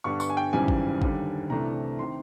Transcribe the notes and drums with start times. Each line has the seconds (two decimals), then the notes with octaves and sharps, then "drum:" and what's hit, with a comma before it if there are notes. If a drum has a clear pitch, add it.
0.04 G2 D3 G3 B3 D4 C#6
0.20 C#6, drum: tambourine
0.30 G#5
0.37 G5
0.53 G#1 F#2 C#3 E3 G3 G#5
0.68 drum: kick
1.02 D#2 D3 G3, drum: kick
1.50 C2 C3 E3 A3 D4 A#5
1.99 C3 D#3 C6